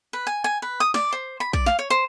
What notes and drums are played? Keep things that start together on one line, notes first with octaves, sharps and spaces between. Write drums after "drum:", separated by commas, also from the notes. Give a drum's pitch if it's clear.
B4
G#5
G#5
B4
D#6
D5, drum: snare
C5
B5
D5, drum: kick A#1
F5, drum: snare
C#5
C5